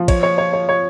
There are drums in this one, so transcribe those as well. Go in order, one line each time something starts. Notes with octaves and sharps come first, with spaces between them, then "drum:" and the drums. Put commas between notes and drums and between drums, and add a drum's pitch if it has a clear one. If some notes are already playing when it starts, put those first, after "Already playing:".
Already playing: F3
C#5, drum: kick, cymbal
C#5
C#5
C#5
C#5